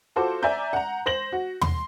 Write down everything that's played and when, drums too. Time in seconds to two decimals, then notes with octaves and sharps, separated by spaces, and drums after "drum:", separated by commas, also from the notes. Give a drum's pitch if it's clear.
0.16 F4 F#4 A4 C5 D6
0.43 D5 E5 G#5 A#5 G6
0.73 F#5 A#5
1.06 C5 A#6 F#7
1.32 F#4
1.61 C6, drum: tom